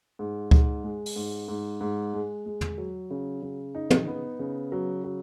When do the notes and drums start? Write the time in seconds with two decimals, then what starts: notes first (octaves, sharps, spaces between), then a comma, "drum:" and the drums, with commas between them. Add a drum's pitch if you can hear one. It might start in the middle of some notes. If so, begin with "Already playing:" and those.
0.19 G#2
0.51 G#2, drum: kick C#2
0.83 G#3
1.06 drum: open hi-hat
1.16 G#2
1.48 G#2
1.81 G#2
2.13 G#3
2.46 G#3
2.61 drum: tom
2.78 F#3
3.10 C#3
3.42 C#3
3.75 D#4
3.90 drum: tom
4.07 B3
4.39 C#3
4.72 F#3
5.04 F#3